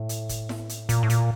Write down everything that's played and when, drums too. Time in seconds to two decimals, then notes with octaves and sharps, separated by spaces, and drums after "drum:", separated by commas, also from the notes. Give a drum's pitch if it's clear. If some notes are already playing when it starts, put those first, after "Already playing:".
Already playing: A2
0.09 drum: hi-hat
0.29 drum: kick, hi-hat
0.49 drum: snare E4
0.69 drum: hi-hat
0.89 A#2, drum: kick, hi-hat
1.03 A2
1.10 A#2, drum: hi-hat